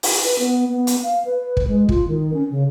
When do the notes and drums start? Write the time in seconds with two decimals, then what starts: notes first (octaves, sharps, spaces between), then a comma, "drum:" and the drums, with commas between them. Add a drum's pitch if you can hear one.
0.03 drum: open hi-hat
0.25 B4
0.39 B3
0.70 B3
0.87 drum: hi-hat
1.03 F5
1.25 B4
1.57 drum: kick
1.68 G#3
1.89 F4, drum: kick
2.08 D#3
2.34 C#4
2.51 C#3